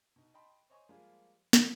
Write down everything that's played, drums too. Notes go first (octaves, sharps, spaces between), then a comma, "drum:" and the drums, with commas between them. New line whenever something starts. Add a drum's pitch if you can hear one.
B2 D#4
D#5 G5 A5 B5 C6
C5 C#5 D#5 G#5 C#6
F3 G3 G#3 A#3 F4 G#4
F3 A#3, drum: snare